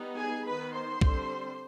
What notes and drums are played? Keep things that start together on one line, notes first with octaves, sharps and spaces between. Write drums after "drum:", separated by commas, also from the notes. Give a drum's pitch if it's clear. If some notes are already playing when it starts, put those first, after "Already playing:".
Already playing: G3 B3 D#4
G#4 G#5
D#3 B3 D#4 B4 B5
C5 C6
D3 G3 C4, drum: kick